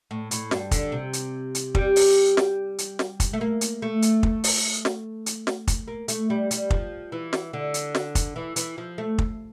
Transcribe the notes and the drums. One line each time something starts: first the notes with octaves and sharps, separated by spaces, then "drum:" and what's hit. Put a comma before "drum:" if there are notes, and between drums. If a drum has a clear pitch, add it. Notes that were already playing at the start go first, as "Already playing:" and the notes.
A2
A2, drum: hi-hat
G2, drum: snare
D3, drum: kick, hi-hat
C3
drum: hi-hat
drum: hi-hat
G3, drum: kick
drum: open hi-hat
drum: snare
drum: hi-hat
drum: snare
drum: kick, hi-hat
A3
A#3
drum: hi-hat
A3
drum: hi-hat
drum: kick
drum: open hi-hat
drum: snare
drum: hi-hat
drum: snare
drum: kick, hi-hat
A#3
A3, drum: hi-hat
G3
G3, drum: hi-hat
F3, drum: kick
E3
drum: snare
D3
drum: hi-hat
drum: snare
drum: kick, hi-hat
E3
E3, drum: hi-hat
F3
A3
drum: kick